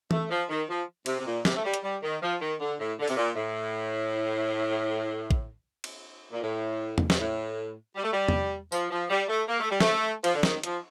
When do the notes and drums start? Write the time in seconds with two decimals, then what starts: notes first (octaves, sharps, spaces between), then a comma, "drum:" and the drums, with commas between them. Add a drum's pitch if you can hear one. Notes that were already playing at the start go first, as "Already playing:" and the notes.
0.11 A3, drum: tom E3
0.30 F3
0.49 D#3
0.68 F3
1.06 C3, drum: cymbal
1.18 C3
1.26 A#2
1.45 C3, drum: snare
1.56 A3
1.64 G3
1.74 drum: hi-hat
1.83 G3
2.02 D#3
2.22 F3
2.40 D#3
2.60 D3
2.79 A2
2.99 D3
3.08 C3, drum: open hi-hat
3.16 A#2
3.35 A2
5.31 drum: kick
5.84 drum: cymbal
6.32 A#2
6.41 A2
6.98 drum: tom E2
7.10 G2, drum: snare
7.19 A2
7.96 G3
8.03 A3
8.12 G3
8.28 drum: tom E2
8.72 F3, drum: tambourine
8.90 F3
9.10 G3
9.28 A3
9.48 A#3
9.60 A3
9.69 G3
9.80 A3, drum: snare
10.24 F3, drum: cymbal
10.35 D3
10.43 D#3, drum: snare
10.64 F3, drum: hi-hat